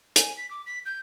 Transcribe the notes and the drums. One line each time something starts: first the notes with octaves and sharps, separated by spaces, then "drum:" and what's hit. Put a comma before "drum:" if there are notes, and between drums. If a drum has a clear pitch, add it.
G#5, drum: hi-hat
B6
D6
B6
G6